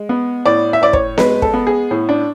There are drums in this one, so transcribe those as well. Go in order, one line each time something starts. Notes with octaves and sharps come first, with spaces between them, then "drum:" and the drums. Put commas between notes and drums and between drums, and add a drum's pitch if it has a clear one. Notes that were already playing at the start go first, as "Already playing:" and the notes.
Already playing: G#3
B3
A2 D5
E5
A2 D5
C#5, drum: kick
G#3 B4, drum: snare B3
A4, drum: kick
B3
G#4
A2
D4